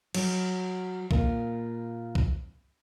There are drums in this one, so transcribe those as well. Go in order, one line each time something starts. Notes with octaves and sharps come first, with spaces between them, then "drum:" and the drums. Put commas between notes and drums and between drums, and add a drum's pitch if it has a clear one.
F#3, drum: cymbal
A#2, drum: kick
drum: kick